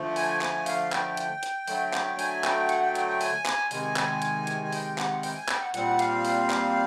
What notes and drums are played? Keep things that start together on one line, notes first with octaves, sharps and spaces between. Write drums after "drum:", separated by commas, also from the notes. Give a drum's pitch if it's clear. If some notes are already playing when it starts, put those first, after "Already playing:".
Already playing: D3 F3 A3
G#5, drum: open hi-hat
G#5, drum: clap
F5, drum: open hi-hat
G5, drum: clap
drum: hi-hat
drum: hi-hat
D3 F#3 A3, drum: open hi-hat
drum: clap
G#5, drum: open hi-hat
G5, drum: clap
F#5, drum: hi-hat
G5
G5, drum: hi-hat
G5
G#5, drum: open hi-hat
drum: clap
C3 D#3 G#3 G#5, drum: open hi-hat
drum: clap
drum: hi-hat
drum: hi-hat
G#5
G5, drum: open hi-hat
F#5, drum: clap
G5, drum: open hi-hat
G#5
G5, drum: clap
F#5
A#2 G3 C4 F#5, drum: hi-hat
F5, drum: hi-hat
drum: open hi-hat
drum: clap